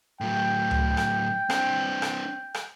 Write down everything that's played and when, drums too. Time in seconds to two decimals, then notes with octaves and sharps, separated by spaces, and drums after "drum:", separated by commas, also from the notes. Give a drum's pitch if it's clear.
0.21 A2 F#3 G5
0.71 drum: tom C#2
0.97 drum: rim click
1.50 C4 D4, drum: rim click
2.02 drum: rim click
2.54 drum: rim click